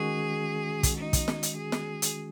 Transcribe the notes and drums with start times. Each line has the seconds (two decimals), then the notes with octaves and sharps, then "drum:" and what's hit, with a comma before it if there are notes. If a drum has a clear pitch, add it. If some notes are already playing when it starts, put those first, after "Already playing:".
Already playing: D#3 G#3 C#4 F#4 G#4
0.83 drum: kick, hi-hat
0.98 D#4
1.13 drum: kick, hi-hat
1.28 drum: snare
1.43 drum: hi-hat
1.57 G#4
1.72 drum: snare
2.02 drum: hi-hat